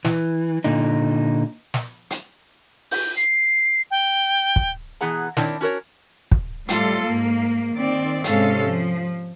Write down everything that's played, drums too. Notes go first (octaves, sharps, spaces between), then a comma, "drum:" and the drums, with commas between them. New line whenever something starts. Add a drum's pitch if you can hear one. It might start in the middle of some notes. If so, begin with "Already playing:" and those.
E3, drum: snare
A#2 D3 D#4
drum: snare
drum: hi-hat
G6, drum: open hi-hat
C7
G5
drum: kick
B2 E3 B3 G#4 F#5 A#5
D#3 C4 D4 E4 A#4 C#5, drum: snare
C#4 F#4 A#4 C#5
drum: kick
A2 G3 F4 A4, drum: hi-hat
G#2 A#3
D#3 C4 D5
G#2 C3 G#3 C#4 A4 F5, drum: hi-hat
F3